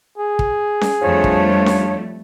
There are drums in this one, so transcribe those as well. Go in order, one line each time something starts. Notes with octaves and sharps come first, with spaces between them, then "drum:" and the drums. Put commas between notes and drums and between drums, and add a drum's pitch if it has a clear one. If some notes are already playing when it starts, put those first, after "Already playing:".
G#4
drum: kick
drum: snare C#4
F2 F3 G3 A3 D4 C#5
drum: kick
drum: snare C#4